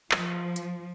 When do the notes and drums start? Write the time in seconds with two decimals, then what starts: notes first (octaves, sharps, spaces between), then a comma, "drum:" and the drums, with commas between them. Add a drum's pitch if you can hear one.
0.11 F3, drum: clap
0.56 drum: hi-hat